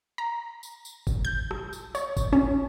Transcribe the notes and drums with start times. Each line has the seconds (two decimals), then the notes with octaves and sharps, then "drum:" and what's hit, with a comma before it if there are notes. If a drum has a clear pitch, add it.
0.18 A#5
0.63 drum: tambourine
0.85 drum: tambourine
1.07 drum: kick, tambourine
1.25 G6
1.51 drum: rim click
1.73 drum: tambourine
1.95 C#5, drum: tambourine
2.17 drum: kick, tambourine
2.33 C#4